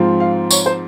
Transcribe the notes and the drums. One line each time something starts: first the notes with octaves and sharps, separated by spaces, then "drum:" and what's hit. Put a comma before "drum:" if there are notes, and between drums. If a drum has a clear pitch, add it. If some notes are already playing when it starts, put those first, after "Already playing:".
Already playing: G#2 F3 C4 F4
F5
C#5, drum: tambourine
C5